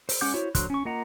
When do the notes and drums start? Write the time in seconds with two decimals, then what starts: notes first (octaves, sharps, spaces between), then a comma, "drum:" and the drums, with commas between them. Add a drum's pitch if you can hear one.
0.09 C5, drum: open hi-hat
0.21 G#3 C#4 F#5 D6 G6
0.33 E4 F#4 C5 C#5
0.55 D3 F#3 C5 C6 F#6, drum: kick, hi-hat
0.70 C#4 C#6
0.85 A#3 F4 D#5 F#5 A#5